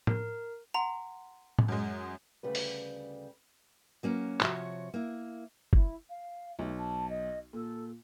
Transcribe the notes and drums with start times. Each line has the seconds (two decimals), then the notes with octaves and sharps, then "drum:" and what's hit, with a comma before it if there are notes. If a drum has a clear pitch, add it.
0.07 A#4, drum: tom A2
0.74 F#5 G#5 A#5 C6
1.59 drum: tom A2
1.68 F#2 G#3
2.43 D2 C#3 G3 G4 B4
2.55 drum: open hi-hat
4.03 F#3 A#3 C#4
4.40 C3 F3 F#4 C#5, drum: clap
4.94 A#3 E4
5.73 E4, drum: kick
6.09 F5
6.59 B1 A3
6.78 A5
7.09 D#5
7.53 A#2 A4